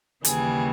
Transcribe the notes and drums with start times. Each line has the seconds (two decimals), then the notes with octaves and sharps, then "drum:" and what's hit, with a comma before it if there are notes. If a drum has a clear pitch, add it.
0.24 D#2 C#3 E3 G3 G#4, drum: hi-hat